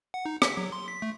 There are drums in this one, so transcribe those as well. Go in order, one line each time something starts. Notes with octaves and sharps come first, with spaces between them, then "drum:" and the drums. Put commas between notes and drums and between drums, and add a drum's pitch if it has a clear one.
F#5
D#4
B6, drum: rim click
F#3
C6
B6
A3